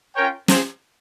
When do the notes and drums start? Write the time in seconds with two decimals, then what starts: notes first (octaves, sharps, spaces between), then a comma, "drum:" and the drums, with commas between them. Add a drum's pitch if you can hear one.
0.15 C#4 F4 A#4 C#5 G5
0.48 C4 F4 G#4 C5, drum: snare